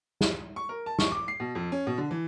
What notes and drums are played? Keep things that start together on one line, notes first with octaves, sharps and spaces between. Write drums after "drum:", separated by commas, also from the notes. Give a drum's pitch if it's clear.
drum: snare
C#6
A#4
A5
C#6, drum: snare
D6
C7
B2
F2
C#4
B2
D3
E3